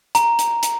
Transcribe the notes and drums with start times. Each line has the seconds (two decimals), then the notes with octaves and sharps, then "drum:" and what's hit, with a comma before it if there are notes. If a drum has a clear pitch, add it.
0.15 A#5, drum: hi-hat
0.39 drum: hi-hat
0.63 drum: hi-hat